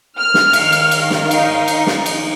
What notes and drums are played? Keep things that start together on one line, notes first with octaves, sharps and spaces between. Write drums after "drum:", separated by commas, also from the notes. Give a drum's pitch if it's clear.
F6
drum: snare
D#3 F5, drum: cymbal
drum: cymbal
drum: cymbal
drum: snare
D#4, drum: cymbal
drum: cymbal
drum: snare
drum: cymbal